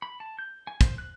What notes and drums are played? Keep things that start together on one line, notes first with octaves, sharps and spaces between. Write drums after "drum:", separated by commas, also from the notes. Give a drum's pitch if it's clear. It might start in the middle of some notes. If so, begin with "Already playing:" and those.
B5
A5
G6
G#5
C5, drum: kick, hi-hat
F#6